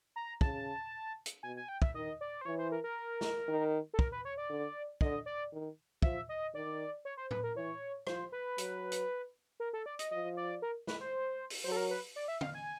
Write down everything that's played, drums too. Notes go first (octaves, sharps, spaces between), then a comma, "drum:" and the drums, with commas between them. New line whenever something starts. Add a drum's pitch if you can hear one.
A#5
C#3 A5, drum: kick
drum: hi-hat
B2 G#5
G#5
G5
E5, drum: kick
D#3 D#5
D5
C5
E3 C#5
C5
A#4
A#4
drum: snare
D#3
A4
A#4, drum: kick
B4
C#5
D5
D3
D3 D#5, drum: kick
D5
D#3
F3 E5, drum: kick
D#5
D#3 D5
C#5
C5
B4, drum: tom A2
A#4
E3 C#5
F3 C5, drum: rim click
B4
F#3, drum: hi-hat
drum: hi-hat
A#4
A4
D5
D#5, drum: hi-hat
F3 D#5
D5
A#4
B4, drum: snare
C5
drum: open hi-hat
F#3 C5
A4
A#4
B4
D5
E5
F5, drum: tom
G#5